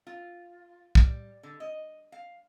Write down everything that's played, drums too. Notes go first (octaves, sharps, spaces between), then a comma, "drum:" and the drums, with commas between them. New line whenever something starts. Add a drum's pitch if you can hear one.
F4
G3, drum: kick
D3
D#5
F5